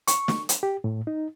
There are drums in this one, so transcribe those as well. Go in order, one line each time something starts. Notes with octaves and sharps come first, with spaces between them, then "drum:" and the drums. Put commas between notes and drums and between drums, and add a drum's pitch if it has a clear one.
C#6, drum: hi-hat
drum: snare
drum: hi-hat
G4
A2
D#4